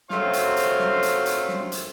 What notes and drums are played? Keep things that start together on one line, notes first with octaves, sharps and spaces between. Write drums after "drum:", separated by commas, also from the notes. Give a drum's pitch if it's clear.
C3 F#3 A3 F4 C5 C6, drum: snare
drum: hi-hat
drum: hi-hat
drum: snare
drum: hi-hat
drum: hi-hat
drum: snare
drum: hi-hat